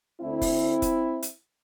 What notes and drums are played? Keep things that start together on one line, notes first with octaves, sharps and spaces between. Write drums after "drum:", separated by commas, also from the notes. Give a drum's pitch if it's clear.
D2 D3 A3 C4 E4
drum: kick F1, open hi-hat
drum: kick F1, hi-hat
drum: hi-hat